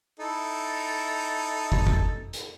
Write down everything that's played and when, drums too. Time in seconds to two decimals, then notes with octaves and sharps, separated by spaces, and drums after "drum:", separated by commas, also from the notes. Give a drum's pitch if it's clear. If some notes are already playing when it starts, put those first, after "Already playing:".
0.20 D#4 E4 A4
1.72 drum: kick
1.87 drum: kick
2.33 drum: hi-hat